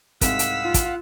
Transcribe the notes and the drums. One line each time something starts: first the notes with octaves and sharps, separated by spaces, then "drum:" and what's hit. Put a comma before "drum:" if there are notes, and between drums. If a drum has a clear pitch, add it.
C2 G#2 F5 F#5 E6 B6, drum: kick, hi-hat
drum: hi-hat
F4
drum: kick, hi-hat